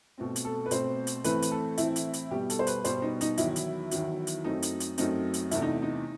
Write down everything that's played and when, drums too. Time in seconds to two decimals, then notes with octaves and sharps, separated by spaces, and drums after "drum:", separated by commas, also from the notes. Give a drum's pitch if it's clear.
0.18 B2 A3 C4
0.36 drum: hi-hat
0.45 A4
0.66 B4
0.71 B2 A3 C4 C5, drum: hi-hat
1.07 drum: hi-hat
1.24 A2 E3 A3 C4 B4, drum: hi-hat
1.42 drum: hi-hat
1.51 A4
1.77 A2 E3 A3 C4 E4, drum: hi-hat
1.96 drum: hi-hat
2.13 drum: hi-hat
2.31 B2 G3 B3 G4
2.50 A4, drum: hi-hat
2.59 C5
2.67 B4, drum: hi-hat
2.84 B2 G3 B3 C5, drum: hi-hat
3.02 D#4
3.21 D#4, drum: hi-hat
3.37 E2 D#3 F#3 E4, drum: hi-hat
3.56 drum: hi-hat
3.91 E2 D#3 F#3, drum: hi-hat
4.27 drum: hi-hat
4.44 F#2 F#3 A3 C4 D#4
4.62 drum: hi-hat
4.80 drum: hi-hat
4.98 F#2 F#3 A3 C4 D#4, drum: hi-hat
5.34 drum: hi-hat
5.51 E2 C3 E3 A3 E4, drum: hi-hat
5.62 D#4
5.82 D#4